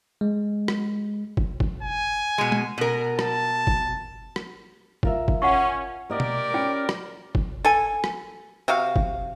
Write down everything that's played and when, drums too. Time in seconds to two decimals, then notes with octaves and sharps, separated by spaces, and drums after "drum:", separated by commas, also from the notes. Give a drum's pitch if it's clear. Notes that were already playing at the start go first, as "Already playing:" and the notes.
0.21 G#3
0.68 drum: rim click
1.37 drum: kick
1.60 drum: kick
1.83 G#5
2.38 B2 G#3
2.52 drum: tom G#3
2.78 B2 A#4
3.19 A5, drum: rim click
3.67 drum: kick
4.36 drum: rim click
5.03 F4 A#4 E5, drum: kick
5.28 drum: kick
5.42 C#4 F#5 C#6
6.10 A#3 G4 A#4 D5 D#5
6.20 drum: tom B2
6.54 C#4 F4 G5
6.89 drum: rim click
7.35 drum: kick
7.65 A4 G#5
8.04 drum: rim click
8.68 C3 F#4 F5
8.96 drum: kick